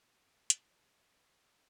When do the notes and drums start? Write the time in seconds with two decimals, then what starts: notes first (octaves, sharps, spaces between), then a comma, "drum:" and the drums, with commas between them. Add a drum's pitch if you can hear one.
0.14 G5
0.50 D5, drum: hi-hat
0.92 D#4
1.36 G#3